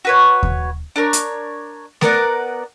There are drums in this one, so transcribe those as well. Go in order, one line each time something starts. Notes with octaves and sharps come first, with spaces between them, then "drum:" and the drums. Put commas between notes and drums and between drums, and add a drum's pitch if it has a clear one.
F#4 B4 C#5
drum: kick D#2
D4 A4 A#4 C#5
drum: hi-hat
B3 A#4 D5 F#5, drum: snare A3